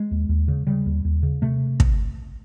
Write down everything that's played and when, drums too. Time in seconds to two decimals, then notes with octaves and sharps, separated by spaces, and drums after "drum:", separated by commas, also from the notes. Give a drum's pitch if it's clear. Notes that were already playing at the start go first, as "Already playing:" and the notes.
Already playing: G#3
0.11 D#2
0.29 D#2
0.48 C#3
0.67 C#3 G3
0.86 D#2
1.05 D#2
1.23 C#3
1.42 C3 A3
1.80 drum: kick